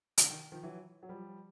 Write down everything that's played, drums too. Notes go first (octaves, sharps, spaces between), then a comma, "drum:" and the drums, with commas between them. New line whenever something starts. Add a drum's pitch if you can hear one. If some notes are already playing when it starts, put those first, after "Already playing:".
D3, drum: hi-hat
D#3
D#3 F3
E3 F#3
F#3
F3 G3